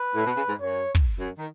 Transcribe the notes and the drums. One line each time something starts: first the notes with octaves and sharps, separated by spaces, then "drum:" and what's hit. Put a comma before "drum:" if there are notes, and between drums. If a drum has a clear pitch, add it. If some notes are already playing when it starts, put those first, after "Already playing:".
Already playing: B4
A2
B2
C#3
G#2
F#2 C#5
drum: kick
F#2
D#3